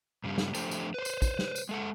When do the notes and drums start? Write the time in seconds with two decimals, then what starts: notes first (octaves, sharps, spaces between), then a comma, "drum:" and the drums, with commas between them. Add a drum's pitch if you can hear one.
0.24 G2 C#3 G3
0.38 drum: snare
0.55 F3 A3 D4 G4 A4 C5, drum: tambourine
0.71 drum: tambourine
0.94 B4 C5
1.05 drum: tambourine
1.22 drum: kick, tambourine
1.39 drum: snare
1.56 drum: tambourine
1.69 G#3 A4 F#5